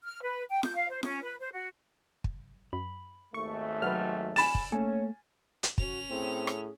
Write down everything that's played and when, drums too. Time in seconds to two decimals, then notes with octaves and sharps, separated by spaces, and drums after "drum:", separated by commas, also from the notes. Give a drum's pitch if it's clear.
0.04 F6
0.22 B4
0.50 G5
0.63 G6, drum: snare F4
0.75 F5
0.90 C5
1.03 C#4, drum: snare F4
1.22 B4
1.40 C5
1.53 F#4
2.24 drum: kick
2.73 F#2 B5
3.34 G#1 D#2 A3 C#6
3.82 F#3 B4 F6
4.36 G#5 B5 A6 E7, drum: open hi-hat
4.55 drum: kick
4.72 A3 A#3 C#4 A4 G#5
5.63 drum: hi-hat
5.78 C#4 F#4 F7, drum: kick
6.10 A2 C4 G#4
6.47 drum: rim click